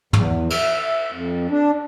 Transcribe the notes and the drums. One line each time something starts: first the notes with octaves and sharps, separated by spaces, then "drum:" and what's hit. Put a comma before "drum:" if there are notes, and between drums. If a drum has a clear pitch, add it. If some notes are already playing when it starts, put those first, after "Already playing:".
E2, drum: tom
E5, drum: cymbal
F2
D4